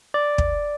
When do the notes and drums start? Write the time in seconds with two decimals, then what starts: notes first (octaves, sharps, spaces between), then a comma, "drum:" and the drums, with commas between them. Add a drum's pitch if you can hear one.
0.14 D5
0.38 drum: kick